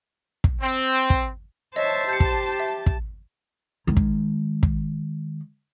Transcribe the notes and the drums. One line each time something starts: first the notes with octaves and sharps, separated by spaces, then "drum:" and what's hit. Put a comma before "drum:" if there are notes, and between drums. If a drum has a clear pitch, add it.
drum: kick
C4
drum: kick
C5 C#5 D#5 E5 A5
G4 G6 C#7
drum: kick
E5
drum: kick
D#3 G#3
drum: kick
drum: kick